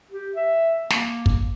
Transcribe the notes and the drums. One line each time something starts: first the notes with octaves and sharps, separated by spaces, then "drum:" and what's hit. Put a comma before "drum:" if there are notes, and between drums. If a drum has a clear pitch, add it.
G4
E5
A#3, drum: snare
drum: kick